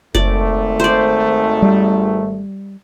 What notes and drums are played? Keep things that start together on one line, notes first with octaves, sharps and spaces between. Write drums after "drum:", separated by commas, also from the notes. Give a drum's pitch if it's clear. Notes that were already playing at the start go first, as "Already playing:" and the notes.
G#1 A3 D5, drum: kick F#1
C5 D5
G3